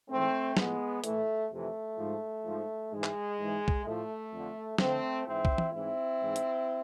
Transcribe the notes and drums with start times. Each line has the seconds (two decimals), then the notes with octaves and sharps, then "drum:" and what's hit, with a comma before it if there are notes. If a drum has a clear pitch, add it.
0.10 G#2 E3 A3 C4
0.57 A2 F3 G#3 B3, drum: snare
1.04 A2 E3 A3, drum: hi-hat
1.51 F2 C3 E3 A3
1.97 G#2 F3
2.45 G#2 F3
2.91 G#2 E3 G#3
3.04 drum: clap
3.38 G#2 E3
3.68 drum: kick
3.85 A2 F3 A3
4.32 F2 D3 F3
4.78 F2 D3 F3 A3 C4, drum: snare
5.26 G#2 E3 C4 E4
5.45 drum: kick
5.58 drum: tom
5.73 G#2 E3 C4 E4
6.20 G#2 E3
6.36 drum: hi-hat